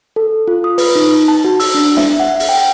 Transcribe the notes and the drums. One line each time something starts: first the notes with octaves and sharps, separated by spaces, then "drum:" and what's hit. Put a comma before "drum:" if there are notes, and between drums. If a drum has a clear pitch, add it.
A4
F4
D#6
B4, drum: open hi-hat
D#4
A5
F#4
E6, drum: open hi-hat
D4
E5, drum: snare
F#5
drum: open hi-hat
G5